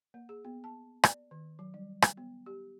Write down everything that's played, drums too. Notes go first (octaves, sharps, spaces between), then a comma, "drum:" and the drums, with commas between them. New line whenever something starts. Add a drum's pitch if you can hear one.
A#3
G#4
B3
A5
D5, drum: rim click
D#3
F#3
G3
drum: rim click
B3
G4